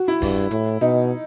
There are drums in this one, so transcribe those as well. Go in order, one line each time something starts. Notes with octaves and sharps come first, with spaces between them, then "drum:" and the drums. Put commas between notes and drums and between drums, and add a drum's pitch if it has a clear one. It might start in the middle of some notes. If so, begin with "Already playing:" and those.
Already playing: F#4
E4
G2, drum: kick E1, open hi-hat
A2, drum: hi-hat
B2 D#4